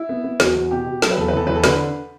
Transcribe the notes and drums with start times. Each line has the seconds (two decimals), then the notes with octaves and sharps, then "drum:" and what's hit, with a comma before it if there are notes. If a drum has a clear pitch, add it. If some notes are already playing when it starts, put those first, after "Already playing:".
Already playing: E4
0.09 B3
0.24 B3
0.40 E2 F#4, drum: snare
0.55 E2
0.71 B2 G4
0.86 B2
1.02 F#3 A4, drum: snare
1.11 B4
1.17 E2 A4
1.28 B4
1.33 E2 A4
1.47 E2 B4
1.56 A4
1.64 D3 B4, drum: snare